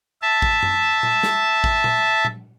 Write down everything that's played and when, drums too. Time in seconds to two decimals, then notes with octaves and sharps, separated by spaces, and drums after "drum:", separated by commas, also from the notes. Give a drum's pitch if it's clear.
0.22 E5 A5
0.42 drum: kick A1
0.63 drum: tom F#2
1.03 drum: tom A#2
1.23 drum: snare
1.64 drum: kick A1
1.84 drum: tom A#2
2.25 drum: tom A#2